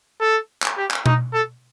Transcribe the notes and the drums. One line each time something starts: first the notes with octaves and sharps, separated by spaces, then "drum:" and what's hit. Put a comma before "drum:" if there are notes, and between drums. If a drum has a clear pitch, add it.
A4
drum: clap
G4
drum: clap
D#4, drum: tom B2
A4